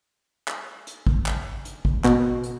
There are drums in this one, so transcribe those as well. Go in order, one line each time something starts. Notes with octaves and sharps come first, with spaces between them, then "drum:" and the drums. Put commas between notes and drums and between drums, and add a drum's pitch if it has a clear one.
drum: clap
drum: hi-hat
drum: kick
drum: clap
drum: hi-hat
drum: kick
B2, drum: clap
drum: hi-hat